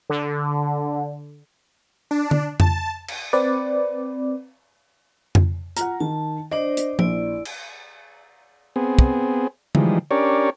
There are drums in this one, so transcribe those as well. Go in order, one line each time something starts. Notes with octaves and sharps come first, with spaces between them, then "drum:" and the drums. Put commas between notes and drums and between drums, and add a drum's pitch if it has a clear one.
D3
D4
drum: tom D3
A5, drum: tom F2
drum: cymbal
C4 B4 D5
drum: tom F2
F4 F#5 A#5, drum: hi-hat
D#3 A5
D4 C5 D5 D#5
drum: hi-hat
A#1 E4 D5, drum: tom
drum: cymbal
B3 C4 G#4
drum: kick
E3 F3 G3 G#3 D#4, drum: tom D3
C#4 D4 G4 A#4 C#5 D5